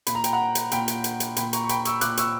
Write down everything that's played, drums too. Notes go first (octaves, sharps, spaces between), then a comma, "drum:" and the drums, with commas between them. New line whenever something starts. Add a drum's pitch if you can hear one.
A#2 B5, drum: hi-hat
A#5
G5, drum: hi-hat
F#5 A#5
drum: hi-hat
A#2 G5 B5, drum: hi-hat
drum: hi-hat
drum: hi-hat
drum: hi-hat
A#2 G5 B5, drum: hi-hat
A#5 C#6, drum: hi-hat
C#6
G5 B5, drum: hi-hat
C#6 E6, drum: hi-hat
A#2 D6 F#6, drum: hi-hat
C#6 E6, drum: hi-hat